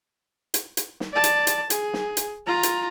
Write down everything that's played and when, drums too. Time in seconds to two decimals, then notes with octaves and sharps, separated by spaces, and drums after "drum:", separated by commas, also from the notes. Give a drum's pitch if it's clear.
0.54 drum: hi-hat
0.77 drum: hi-hat
1.00 drum: snare
1.13 D5 A5
1.24 drum: hi-hat
1.47 drum: hi-hat
1.70 G#4, drum: hi-hat
1.93 drum: snare
2.17 drum: hi-hat
2.47 F4 A#5
2.63 drum: hi-hat